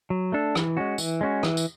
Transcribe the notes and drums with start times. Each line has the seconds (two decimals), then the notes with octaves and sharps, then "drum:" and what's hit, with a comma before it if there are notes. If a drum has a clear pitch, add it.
0.10 F#3
0.32 A3 D4 A4
0.55 E3, drum: rim click
0.77 G#3 C#4 F#4
0.98 E3, drum: tambourine
1.21 G#3 C#4 F#4
1.43 E3, drum: rim click
1.57 drum: tambourine